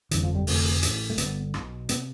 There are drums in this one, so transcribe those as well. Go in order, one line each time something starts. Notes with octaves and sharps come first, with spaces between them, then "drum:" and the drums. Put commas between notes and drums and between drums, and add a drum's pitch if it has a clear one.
G1 F2 D3 E3, drum: hi-hat
F3
G3
F1 F2 D3 A3, drum: open hi-hat
A1 A2, drum: hi-hat
A3
G1 F2 D3 B3, drum: hi-hat
B1 B2, drum: rim click
C3 B3, drum: hi-hat